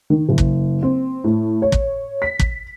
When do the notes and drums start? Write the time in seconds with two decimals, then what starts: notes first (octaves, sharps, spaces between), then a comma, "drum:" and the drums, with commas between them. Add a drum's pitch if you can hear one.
0.10 D#3
0.29 F#1
0.38 drum: kick
0.83 C4
1.24 A2
1.62 C#5
1.72 drum: kick
2.22 B6
2.39 drum: kick